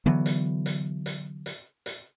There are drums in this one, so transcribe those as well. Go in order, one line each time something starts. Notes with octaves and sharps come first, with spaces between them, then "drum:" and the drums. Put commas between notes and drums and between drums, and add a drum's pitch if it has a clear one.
D3 E3 F#3 B3
drum: hi-hat
drum: hi-hat
drum: hi-hat
drum: hi-hat
drum: hi-hat